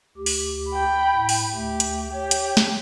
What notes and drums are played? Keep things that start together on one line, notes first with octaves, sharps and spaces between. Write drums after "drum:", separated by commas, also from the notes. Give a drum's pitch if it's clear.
D2 G4
drum: open hi-hat
G5 B5
A2
drum: open hi-hat
D2 A3 G4
drum: hi-hat
G4 C#5
drum: hi-hat
drum: snare